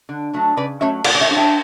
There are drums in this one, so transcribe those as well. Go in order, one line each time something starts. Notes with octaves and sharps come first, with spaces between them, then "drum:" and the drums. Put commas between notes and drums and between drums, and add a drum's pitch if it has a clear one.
D3
F#3 A3 D4
C#3 B4 D5
F#3 A3 C#4 C#5 E5
A2 D5 F#5, drum: cymbal
D5
C#5 E5
G3 D4
E5 G5